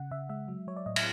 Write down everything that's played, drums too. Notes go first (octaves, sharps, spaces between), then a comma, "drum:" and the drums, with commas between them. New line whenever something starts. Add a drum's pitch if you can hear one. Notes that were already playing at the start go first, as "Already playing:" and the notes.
Already playing: C#3 F#5
C#3 E5
G#3 E5
F#3
F#3 C#5
D5
A2 D#5
E5, drum: cymbal